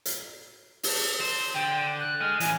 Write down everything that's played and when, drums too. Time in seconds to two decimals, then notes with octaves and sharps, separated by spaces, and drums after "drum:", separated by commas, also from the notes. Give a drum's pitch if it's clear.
0.05 drum: hi-hat
0.83 drum: open hi-hat
1.20 C5
1.54 D3 G5
2.00 F#6
2.20 D#5 G#5 F6
2.40 E3 C#4 G#5, drum: hi-hat